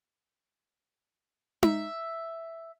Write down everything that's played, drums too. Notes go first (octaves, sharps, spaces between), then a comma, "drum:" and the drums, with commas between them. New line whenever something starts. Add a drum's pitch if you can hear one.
E5, drum: tom D#4